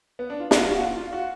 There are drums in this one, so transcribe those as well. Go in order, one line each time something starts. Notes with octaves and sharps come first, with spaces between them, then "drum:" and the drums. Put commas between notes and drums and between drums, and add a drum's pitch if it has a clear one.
B3
D4
F4
F#4, drum: snare
F4
F#4
F4
F4
F#4